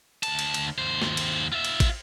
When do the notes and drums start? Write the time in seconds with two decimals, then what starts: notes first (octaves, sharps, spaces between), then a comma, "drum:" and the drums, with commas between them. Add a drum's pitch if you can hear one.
0.23 D2 A5, drum: cymbal
0.39 drum: cymbal
0.54 drum: cymbal
0.78 D#2 C5
1.02 drum: snare
1.17 drum: cymbal
1.52 F4 E5
1.64 drum: cymbal
1.80 drum: kick, cymbal